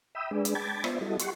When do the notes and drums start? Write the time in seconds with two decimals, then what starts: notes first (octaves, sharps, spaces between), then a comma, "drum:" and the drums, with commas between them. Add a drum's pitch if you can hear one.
0.15 E5 G5 B5 D#6 E6
0.31 G#3 D4 G#4 B4 D5
0.45 drum: hi-hat
0.55 G5 A5 B5 D6 G#6 A6
0.84 B3 F4 C5 D5 E5, drum: rim click
1.01 G3 E4 F#4 A4 D#5
1.19 G4 F#5 C6 C#6, drum: hi-hat